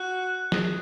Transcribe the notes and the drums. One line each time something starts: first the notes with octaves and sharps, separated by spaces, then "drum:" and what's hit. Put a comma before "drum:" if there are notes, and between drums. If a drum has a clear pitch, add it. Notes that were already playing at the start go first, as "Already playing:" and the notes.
Already playing: F#4 F#6
G#4, drum: snare